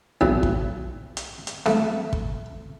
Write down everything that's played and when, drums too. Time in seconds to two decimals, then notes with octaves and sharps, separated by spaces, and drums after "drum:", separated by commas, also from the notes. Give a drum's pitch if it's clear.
0.21 B1, drum: tom B1
0.43 drum: kick
1.17 drum: hi-hat
1.47 drum: hi-hat
1.66 A3, drum: snare C4
2.13 drum: kick